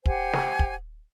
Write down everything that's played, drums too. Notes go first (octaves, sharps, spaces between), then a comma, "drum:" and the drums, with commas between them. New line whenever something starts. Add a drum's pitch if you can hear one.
G4 C5 F#5 G#5, drum: kick
drum: snare
drum: kick